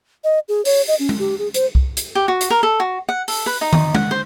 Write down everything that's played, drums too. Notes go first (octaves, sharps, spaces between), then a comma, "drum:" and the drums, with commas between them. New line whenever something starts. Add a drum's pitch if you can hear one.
D#5
G#4
C#5, drum: open hi-hat
D#5
C#4
drum: tom G#3
G4
G#4
C5, drum: hi-hat
drum: kick C2
drum: hi-hat
G4
F#4
drum: hi-hat
A#4
A4
F#4
F#5
A4, drum: open hi-hat
B4
D#4
drum: tom
F#5, drum: tom G#3
C5